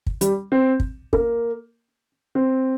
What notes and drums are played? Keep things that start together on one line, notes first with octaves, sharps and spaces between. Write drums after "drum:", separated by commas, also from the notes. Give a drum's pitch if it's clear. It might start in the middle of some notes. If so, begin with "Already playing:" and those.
drum: kick
G3, drum: hi-hat
C4
drum: kick
A#3, drum: kick
C4